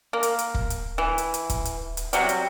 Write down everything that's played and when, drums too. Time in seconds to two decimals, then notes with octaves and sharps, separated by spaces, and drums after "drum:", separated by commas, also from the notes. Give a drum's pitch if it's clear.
0.13 A#3
0.23 drum: hi-hat
0.39 drum: hi-hat
0.54 drum: kick
0.70 drum: hi-hat
0.98 E3
1.18 drum: hi-hat
1.34 drum: hi-hat
1.50 drum: kick, hi-hat
1.65 drum: hi-hat
1.97 drum: hi-hat
2.13 C3 F#3 G3, drum: hi-hat
2.29 drum: hi-hat